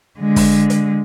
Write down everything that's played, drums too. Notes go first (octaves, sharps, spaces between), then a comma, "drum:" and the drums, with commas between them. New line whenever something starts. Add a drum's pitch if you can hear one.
D3 G#3
drum: kick, open hi-hat
drum: hi-hat